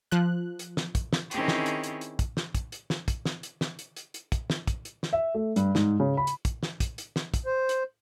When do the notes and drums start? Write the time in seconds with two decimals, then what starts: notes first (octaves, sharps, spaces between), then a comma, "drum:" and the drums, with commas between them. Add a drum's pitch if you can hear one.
0.12 F3 F#6
0.59 drum: hi-hat
0.77 drum: snare
0.95 drum: kick, hi-hat
1.13 drum: snare
1.31 D#3 C4 C#4 E4 G4 G#4, drum: hi-hat
1.48 drum: snare
1.66 drum: hi-hat
1.84 drum: hi-hat
2.01 drum: hi-hat
2.19 drum: kick, hi-hat
2.37 drum: snare
2.55 drum: kick, hi-hat
2.72 drum: hi-hat
2.90 drum: snare
3.08 drum: kick, hi-hat
3.25 drum: snare
3.43 drum: hi-hat
3.61 drum: snare
3.79 drum: hi-hat
3.96 drum: hi-hat
4.14 drum: hi-hat
4.32 drum: kick, hi-hat
4.50 drum: snare
4.67 drum: kick, hi-hat
4.85 drum: hi-hat
5.03 drum: snare
5.13 E5
5.35 A3
5.56 G2, drum: hi-hat
5.75 G#2, drum: snare
6.00 C#3
6.17 B5
6.27 drum: hi-hat
6.45 drum: kick, hi-hat
6.63 drum: snare
6.80 drum: kick, hi-hat
6.98 drum: hi-hat
7.16 drum: snare
7.34 drum: kick, hi-hat
7.46 C5
7.69 drum: hi-hat